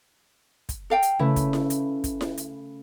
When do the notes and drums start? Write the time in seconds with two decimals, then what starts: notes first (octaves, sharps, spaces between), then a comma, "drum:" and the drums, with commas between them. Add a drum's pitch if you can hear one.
0.69 drum: kick, hi-hat
0.90 A4 F5 G5
1.03 drum: hi-hat
1.19 C#3 A3 E4 B4
1.36 drum: kick, hi-hat
1.53 drum: snare E4
1.70 drum: hi-hat
2.04 drum: kick, hi-hat
2.21 drum: snare E4
2.37 drum: hi-hat